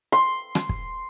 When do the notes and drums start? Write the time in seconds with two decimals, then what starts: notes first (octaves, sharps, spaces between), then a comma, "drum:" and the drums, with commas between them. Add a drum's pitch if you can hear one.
0.12 C6
0.55 drum: rim click
0.69 drum: kick